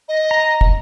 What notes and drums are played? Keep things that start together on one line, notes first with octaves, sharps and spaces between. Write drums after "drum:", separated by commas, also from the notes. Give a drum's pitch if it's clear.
D#5
A#5
drum: kick